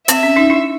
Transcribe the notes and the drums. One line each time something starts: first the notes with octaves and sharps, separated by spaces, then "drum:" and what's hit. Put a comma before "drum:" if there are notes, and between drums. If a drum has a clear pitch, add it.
C4 E5, drum: hi-hat
C#4
C#4 D#4
D4 E4